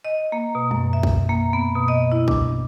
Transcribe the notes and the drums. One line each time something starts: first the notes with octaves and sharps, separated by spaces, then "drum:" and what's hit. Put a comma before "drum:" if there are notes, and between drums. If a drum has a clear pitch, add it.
D#5
A#3
B2
F#2, drum: tom
E5
drum: kick
A#3
B3
B2
D#5
E4
D4, drum: kick